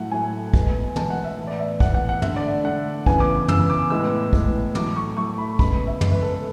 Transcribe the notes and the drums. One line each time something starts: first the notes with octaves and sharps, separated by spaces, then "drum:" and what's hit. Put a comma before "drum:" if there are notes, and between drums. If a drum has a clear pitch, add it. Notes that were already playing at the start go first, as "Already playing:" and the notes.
Already playing: A2 F#3 A3 F#5
A2 F#3 A3 G#5
B2 G#3 B3, drum: kick
B2 G#3 B3 A5, drum: tom
F#5
E5
A2 E3 B3
D5
E5
A2 E3 B3 F#5, drum: kick
F#5
F#5
D3 A3 E5, drum: tom
D5
D3 A3 F#5
C#3 E3 B3 G#5, drum: kick
D6
C#3 E3 B3 E6, drum: tom
D6
A2 G#3 B3 E6
A2 G#3 B3, drum: kick
A2 F#3 A3 D6, drum: tom
C#6
A2 F#3 A3 C#6
B5
C#3 G#3 B3 B5, drum: kick
E5
C#3 G#3 B3, drum: tom
B4
A4
B4